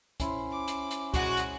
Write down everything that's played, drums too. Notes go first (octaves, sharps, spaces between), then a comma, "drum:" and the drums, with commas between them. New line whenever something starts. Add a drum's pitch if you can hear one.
C#4 E4 C5, drum: kick C#2, hi-hat
D6
drum: hi-hat
drum: hi-hat
G#3 F#4 F#6, drum: kick C#2, hi-hat
drum: hi-hat